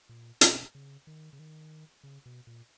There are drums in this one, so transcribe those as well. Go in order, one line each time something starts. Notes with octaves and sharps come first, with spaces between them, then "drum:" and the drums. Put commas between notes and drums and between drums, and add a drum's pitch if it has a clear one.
A#2
B2, drum: hi-hat
C#3
D#3
C#3
D#3
C#3
B2
A#2